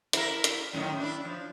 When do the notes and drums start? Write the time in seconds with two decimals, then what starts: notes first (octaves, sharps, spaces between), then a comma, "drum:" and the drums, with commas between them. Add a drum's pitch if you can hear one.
0.13 E4 A#4, drum: hi-hat
0.44 drum: hi-hat
0.73 F#2 A2 D#3
1.00 D4 E4
1.25 F3